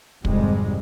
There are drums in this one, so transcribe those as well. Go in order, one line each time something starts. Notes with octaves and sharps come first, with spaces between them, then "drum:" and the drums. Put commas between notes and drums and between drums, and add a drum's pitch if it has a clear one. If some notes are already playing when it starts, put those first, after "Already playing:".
G#1 F2 G#2 C3 G3 G#3, drum: kick